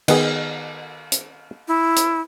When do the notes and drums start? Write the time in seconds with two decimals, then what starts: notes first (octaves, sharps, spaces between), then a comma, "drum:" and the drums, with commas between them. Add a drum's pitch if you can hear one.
0.08 D#3 B3 G#4, drum: cymbal
1.12 drum: hi-hat
1.68 E4
1.96 drum: hi-hat